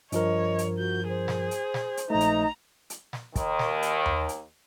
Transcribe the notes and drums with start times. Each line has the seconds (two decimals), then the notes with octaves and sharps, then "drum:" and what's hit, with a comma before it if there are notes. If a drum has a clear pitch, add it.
0.12 G2 F3 A#4 C#5 D#5, drum: hi-hat
0.59 drum: hi-hat
0.78 F#4 G6
1.09 G#4 C5
1.28 drum: snare
1.51 drum: hi-hat
1.74 drum: snare
1.97 drum: hi-hat
2.10 A#1 A3 D#4 A#5
2.20 drum: hi-hat
2.90 drum: hi-hat
3.13 drum: snare
3.36 D#2 D#3, drum: kick, hi-hat
3.59 drum: snare
3.82 drum: hi-hat
4.06 drum: tom D#2
4.29 drum: hi-hat